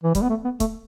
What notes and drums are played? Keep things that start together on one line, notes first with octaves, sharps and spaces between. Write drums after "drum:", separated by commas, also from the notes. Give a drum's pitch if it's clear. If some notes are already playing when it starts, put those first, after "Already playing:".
E3
G3, drum: kick, hi-hat
B3
A3
B3
A3, drum: kick, hi-hat